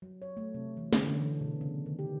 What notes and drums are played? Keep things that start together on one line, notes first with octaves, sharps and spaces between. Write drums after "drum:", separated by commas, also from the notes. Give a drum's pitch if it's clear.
F#3
C#5
A3
C3
E3
D3, drum: snare
D3
E3
B2
C#3
D#3
G4